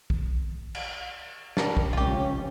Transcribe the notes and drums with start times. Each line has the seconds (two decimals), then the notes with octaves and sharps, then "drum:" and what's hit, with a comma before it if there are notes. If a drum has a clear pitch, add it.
0.10 drum: kick
0.75 drum: cymbal
1.57 G3 A#4 A5, drum: snare
1.77 drum: kick
1.93 F1 C#2 C#4 F4 G4